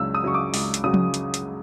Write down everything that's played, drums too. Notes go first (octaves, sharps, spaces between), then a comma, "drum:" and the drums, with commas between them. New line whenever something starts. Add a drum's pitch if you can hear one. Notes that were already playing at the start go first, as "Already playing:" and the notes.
Already playing: C#2 C#3 F#3 E6
D#6
C#3 F#3 C#6
D6
C#2, drum: open hi-hat
drum: hi-hat
C#3 F#3 D#6
drum: tom F3
drum: hi-hat
drum: hi-hat